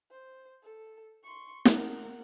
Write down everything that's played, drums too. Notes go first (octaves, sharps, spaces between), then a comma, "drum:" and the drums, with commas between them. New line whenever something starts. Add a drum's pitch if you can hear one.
C5
A4
C6 C#6
A#4 F#5, drum: snare